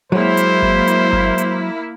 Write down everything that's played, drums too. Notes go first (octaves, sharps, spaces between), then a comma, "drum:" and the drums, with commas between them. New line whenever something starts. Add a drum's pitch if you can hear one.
F#3 G#3 A#3 E4 C5
drum: hi-hat
drum: kick G1
drum: hi-hat
drum: kick G1
drum: hi-hat